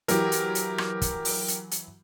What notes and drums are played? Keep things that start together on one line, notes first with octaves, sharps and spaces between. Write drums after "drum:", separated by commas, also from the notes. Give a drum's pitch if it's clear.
E3 F#3 G4 A#4, drum: hi-hat
drum: hi-hat
drum: hi-hat
drum: rim click
drum: kick, hi-hat
drum: open hi-hat
drum: hi-hat
drum: hi-hat